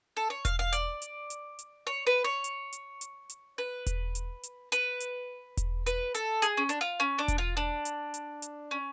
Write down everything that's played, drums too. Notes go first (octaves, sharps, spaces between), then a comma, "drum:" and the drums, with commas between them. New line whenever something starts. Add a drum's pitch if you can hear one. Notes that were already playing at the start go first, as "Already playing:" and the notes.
A4
C#5
F5, drum: kick E1, hi-hat
F5
D5, drum: hi-hat
drum: hi-hat
drum: hi-hat
drum: hi-hat
C#5
B4
C#5
drum: hi-hat
drum: hi-hat
drum: hi-hat
drum: hi-hat
B4
drum: kick E1, hi-hat
drum: hi-hat
drum: hi-hat
B4, drum: hi-hat
drum: hi-hat
drum: kick E1, hi-hat
B4, drum: hi-hat
A4, drum: hi-hat
G#4, drum: hi-hat
C#4
D4, drum: hi-hat
F4
C#4
D4
drum: kick E1, hi-hat
F4
D4
drum: hi-hat
drum: hi-hat
drum: hi-hat
C#4